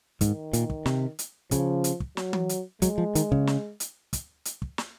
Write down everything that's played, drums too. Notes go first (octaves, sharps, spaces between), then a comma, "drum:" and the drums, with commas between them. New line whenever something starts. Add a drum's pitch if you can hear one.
G#2 D#3, drum: kick, hi-hat
A#2, drum: hi-hat
drum: kick
C3, drum: snare
drum: hi-hat
C#3 F3, drum: kick, hi-hat
drum: hi-hat
drum: kick
F#3, drum: snare
drum: tom E3
drum: hi-hat
F#3 G#3, drum: kick, hi-hat
F3
D#3, drum: hi-hat
C#3, drum: kick
drum: snare
drum: hi-hat
drum: kick, hi-hat
drum: hi-hat
drum: kick
drum: snare